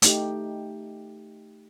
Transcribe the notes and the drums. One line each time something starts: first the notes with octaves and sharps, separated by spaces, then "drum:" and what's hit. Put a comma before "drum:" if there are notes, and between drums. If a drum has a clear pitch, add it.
A3 D#4 G4, drum: hi-hat